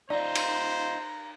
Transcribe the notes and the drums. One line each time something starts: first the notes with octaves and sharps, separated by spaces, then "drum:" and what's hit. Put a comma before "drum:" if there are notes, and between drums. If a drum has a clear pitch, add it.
D#4 F4 C5 D5 A#5
drum: cymbal